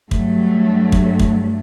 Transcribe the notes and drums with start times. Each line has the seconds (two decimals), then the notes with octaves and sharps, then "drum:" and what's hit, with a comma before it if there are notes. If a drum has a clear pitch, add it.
0.11 G2 F#3 A3, drum: kick
0.92 drum: kick
1.19 drum: kick